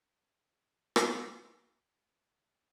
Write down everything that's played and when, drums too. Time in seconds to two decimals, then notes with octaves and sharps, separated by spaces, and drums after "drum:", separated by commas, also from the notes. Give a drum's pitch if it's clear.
0.96 drum: rim click
1.14 F4 F#4 A#4 C#5 D#5 G#5